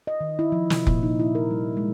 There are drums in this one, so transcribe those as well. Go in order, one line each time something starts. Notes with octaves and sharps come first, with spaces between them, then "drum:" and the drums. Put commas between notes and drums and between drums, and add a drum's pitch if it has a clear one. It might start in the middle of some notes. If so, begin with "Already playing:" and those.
D#5
D#3
E4
F3
C3, drum: snare
A#2, drum: kick F1
D#4
E4
A#4
G3
G#3